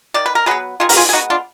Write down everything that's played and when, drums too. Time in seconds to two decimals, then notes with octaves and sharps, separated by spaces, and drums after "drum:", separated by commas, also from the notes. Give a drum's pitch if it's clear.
0.14 D#3 D5
0.26 B4
0.35 A#4
0.46 F#3 B3 G#4 B4
0.80 D#3 F4 G#4
0.89 A#4, drum: open hi-hat
0.97 F4 G#4
1.09 G#4
1.13 G#3 B3 D#4 F#4
1.30 D4 F4